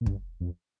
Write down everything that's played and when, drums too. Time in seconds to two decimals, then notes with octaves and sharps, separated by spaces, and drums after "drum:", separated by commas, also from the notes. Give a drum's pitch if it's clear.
0.01 A#2
0.06 G2, drum: kick
0.40 F2